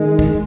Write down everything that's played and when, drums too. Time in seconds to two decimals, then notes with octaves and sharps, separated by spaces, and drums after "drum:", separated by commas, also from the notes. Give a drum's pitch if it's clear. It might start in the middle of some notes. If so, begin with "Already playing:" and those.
Already playing: D#3 G#3
0.19 drum: kick